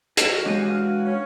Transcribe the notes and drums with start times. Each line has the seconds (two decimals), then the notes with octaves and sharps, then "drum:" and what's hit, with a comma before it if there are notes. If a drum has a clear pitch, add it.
0.17 E3 F#4 D#5 F5, drum: hi-hat
0.46 G#3 D4 G4 G#4 C#5 G#5
0.68 F5 F6
1.05 C#4